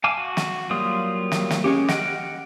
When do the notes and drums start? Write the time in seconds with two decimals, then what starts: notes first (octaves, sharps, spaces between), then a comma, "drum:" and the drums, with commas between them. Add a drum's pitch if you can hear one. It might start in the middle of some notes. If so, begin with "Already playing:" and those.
0.04 F5 G#5 A5 D6 F6
0.17 F#4
0.37 drum: snare
0.70 F#3 G3 A#3 F4 D#6
1.32 drum: snare
1.51 drum: snare
1.64 G#3 C#4 G4
1.88 D#5 F#5 G5 F6 F#6, drum: snare